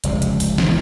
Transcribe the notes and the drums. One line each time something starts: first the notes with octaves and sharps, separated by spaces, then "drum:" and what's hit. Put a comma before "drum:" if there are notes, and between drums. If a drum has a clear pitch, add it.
F1 C#2 C3, drum: hi-hat
drum: hi-hat
drum: open hi-hat
drum: snare